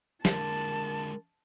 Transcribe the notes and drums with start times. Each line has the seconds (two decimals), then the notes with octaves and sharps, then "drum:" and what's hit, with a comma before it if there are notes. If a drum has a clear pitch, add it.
0.25 D3 G#3 A#4 A5, drum: snare